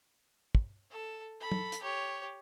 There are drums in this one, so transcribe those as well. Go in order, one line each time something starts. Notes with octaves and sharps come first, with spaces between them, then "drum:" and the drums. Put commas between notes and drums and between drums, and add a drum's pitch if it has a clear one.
drum: kick
A4 E7
A4 B5
drum: tom
drum: hi-hat
G4 C#5